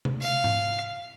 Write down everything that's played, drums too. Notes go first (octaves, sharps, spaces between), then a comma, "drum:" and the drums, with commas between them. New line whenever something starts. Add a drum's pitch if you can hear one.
drum: tom C3
F5, drum: tambourine
drum: tom G#2